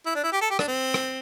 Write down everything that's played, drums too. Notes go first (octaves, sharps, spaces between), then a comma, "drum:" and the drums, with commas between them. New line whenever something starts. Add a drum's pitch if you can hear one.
E4
D4
E4
G4
A4
G4
D4, drum: rim click
C4
drum: rim click